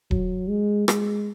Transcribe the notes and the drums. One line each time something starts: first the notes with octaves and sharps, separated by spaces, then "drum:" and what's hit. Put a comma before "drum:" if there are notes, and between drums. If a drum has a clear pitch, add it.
F#3, drum: kick D#1
G#3
G#3, drum: rim click